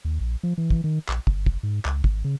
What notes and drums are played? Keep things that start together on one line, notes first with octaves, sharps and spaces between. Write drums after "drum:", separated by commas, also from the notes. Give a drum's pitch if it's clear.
D#2
A#1
F3
E3
drum: kick
D#3
A#1, drum: clap
G1, drum: kick
F#1, drum: kick
G#2
C#2, drum: clap
G#1, drum: kick
C#3